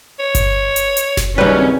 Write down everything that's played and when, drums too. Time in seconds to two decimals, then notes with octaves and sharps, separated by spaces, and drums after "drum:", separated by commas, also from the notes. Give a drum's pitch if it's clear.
0.19 C#5
0.35 drum: kick G1, hi-hat
0.76 drum: hi-hat
0.97 drum: hi-hat
1.17 drum: snare F#1
1.38 D#2 C#3 F#3 G3 C#4 B4
1.59 drum: tom